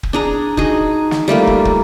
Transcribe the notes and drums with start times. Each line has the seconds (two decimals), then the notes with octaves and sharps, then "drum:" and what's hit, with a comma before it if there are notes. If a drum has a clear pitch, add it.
0.03 drum: kick
0.13 D4 G#4 A#5
0.57 D#4 F#4 G#4, drum: kick
1.11 drum: snare
1.28 G3 A3 A#3 F4
1.47 drum: kick
1.65 drum: kick